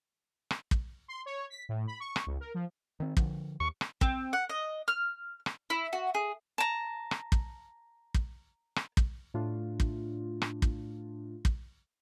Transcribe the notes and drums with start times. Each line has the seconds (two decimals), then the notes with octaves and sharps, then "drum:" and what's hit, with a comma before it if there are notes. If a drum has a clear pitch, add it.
0.51 drum: rim click
0.71 drum: kick
1.08 C6
1.26 C#5
1.50 B6
1.69 A2
1.87 B5
2.00 C#6
2.16 drum: rim click
2.27 C#2
2.40 A#4
2.54 F3
3.00 D#3 C4
3.17 D3 F3, drum: kick
3.60 D#2 C#6
3.81 drum: rim click
4.01 C4, drum: kick
4.33 F#5
4.50 D#5
4.88 F6
5.46 drum: rim click
5.70 E4
5.93 F#4
6.15 G#4
6.58 A5 A#5
7.11 drum: rim click
7.32 drum: kick
8.14 drum: kick
8.76 drum: rim click
8.97 drum: kick
9.34 A2 A3 D4 F4
9.80 drum: kick
10.42 drum: rim click
10.62 drum: kick
11.45 drum: kick